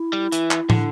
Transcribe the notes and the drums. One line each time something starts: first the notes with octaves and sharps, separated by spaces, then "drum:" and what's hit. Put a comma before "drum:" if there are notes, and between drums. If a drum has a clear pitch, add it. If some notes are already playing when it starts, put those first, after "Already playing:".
Already playing: E4
G3
E3, drum: hi-hat
drum: clap
D3, drum: tom